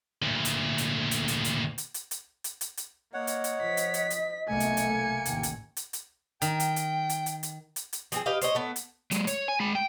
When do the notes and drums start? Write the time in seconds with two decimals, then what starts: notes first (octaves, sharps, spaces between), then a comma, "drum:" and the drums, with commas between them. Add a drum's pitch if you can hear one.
0.22 D2 A#2
0.45 drum: hi-hat
0.78 drum: hi-hat
1.11 drum: hi-hat
1.28 drum: hi-hat
1.44 drum: hi-hat
1.78 drum: hi-hat
1.94 drum: hi-hat
2.11 drum: hi-hat
2.44 drum: hi-hat
2.61 drum: hi-hat
2.77 drum: hi-hat
3.14 A#3 C#5 D#5 F#5
3.27 drum: hi-hat
3.44 drum: hi-hat
3.61 F3 B6
3.77 drum: hi-hat
3.94 drum: hi-hat
4.10 drum: hi-hat
4.49 F1 B1 A3 A#3 G#5 C#7
4.60 drum: hi-hat
4.77 drum: hi-hat
5.25 A1 D#2 G5, drum: hi-hat
5.43 drum: hi-hat
5.77 drum: hi-hat
5.93 drum: hi-hat
6.42 D#3 G5, drum: hi-hat
6.60 drum: hi-hat
6.76 drum: hi-hat
7.09 drum: hi-hat
7.26 drum: hi-hat
7.43 drum: hi-hat
7.76 drum: hi-hat
7.93 drum: hi-hat
8.12 F3 C4 G#4, drum: hi-hat
8.26 G4 B4 D#5 F5
8.41 C5 C#5 D#5, drum: hi-hat
8.55 A3 B3
8.76 drum: hi-hat
9.11 F#3 G#3, drum: hi-hat
9.27 C#5, drum: hi-hat
9.48 G#5
9.60 G#3 B5
9.75 G5